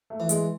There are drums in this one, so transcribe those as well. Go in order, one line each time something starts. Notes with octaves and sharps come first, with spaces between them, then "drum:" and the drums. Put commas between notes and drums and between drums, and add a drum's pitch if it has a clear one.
A3
E3
G#3, drum: hi-hat